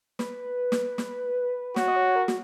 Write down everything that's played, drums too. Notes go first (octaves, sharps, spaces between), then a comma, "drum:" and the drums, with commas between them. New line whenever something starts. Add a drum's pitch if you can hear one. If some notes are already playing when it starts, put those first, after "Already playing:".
B4, drum: snare
drum: snare
drum: snare
F#4 C#5, drum: snare
D#5
C#5
A#4
F#4, drum: snare